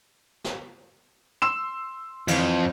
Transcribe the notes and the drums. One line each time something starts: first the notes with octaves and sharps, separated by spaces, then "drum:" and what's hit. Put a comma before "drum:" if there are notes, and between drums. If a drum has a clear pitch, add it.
drum: snare
C6 E6 E7
F2 E3, drum: cymbal